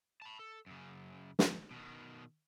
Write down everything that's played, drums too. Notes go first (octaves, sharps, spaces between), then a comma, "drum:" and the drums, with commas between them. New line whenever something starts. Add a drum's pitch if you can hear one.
A5 B5
A4
F#2 C#3
drum: snare
B2 D#3